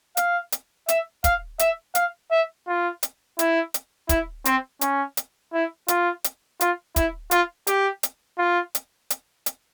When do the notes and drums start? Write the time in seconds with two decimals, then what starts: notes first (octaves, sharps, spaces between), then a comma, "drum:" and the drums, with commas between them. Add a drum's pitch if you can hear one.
0.17 F5, drum: hi-hat
0.52 drum: hi-hat
0.88 E5, drum: hi-hat
1.24 F5, drum: kick, hi-hat
1.59 E5, drum: hi-hat
1.95 F5, drum: hi-hat
2.31 E5
2.67 F4
3.03 drum: hi-hat
3.39 E4, drum: hi-hat
3.74 drum: hi-hat
4.09 E4, drum: kick, hi-hat
4.45 C4, drum: hi-hat
4.81 C#4, drum: hi-hat
5.17 drum: hi-hat
5.53 E4
5.88 F4, drum: hi-hat
6.24 drum: hi-hat
6.61 F4, drum: hi-hat
6.96 E4, drum: kick, hi-hat
7.31 F4, drum: hi-hat
7.67 G4, drum: hi-hat
8.03 drum: hi-hat
8.38 F4
8.75 drum: hi-hat
9.10 drum: hi-hat
9.46 drum: hi-hat